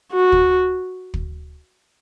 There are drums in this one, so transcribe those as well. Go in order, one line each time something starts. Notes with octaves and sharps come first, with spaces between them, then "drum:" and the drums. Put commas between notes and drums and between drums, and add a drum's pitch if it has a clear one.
F#4
drum: kick
drum: kick